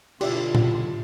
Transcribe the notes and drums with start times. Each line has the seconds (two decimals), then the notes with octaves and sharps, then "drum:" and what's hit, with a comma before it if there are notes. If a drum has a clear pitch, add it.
0.21 B2 D3 E4 F4 G4 D5 E5, drum: cymbal
0.55 drum: tom A2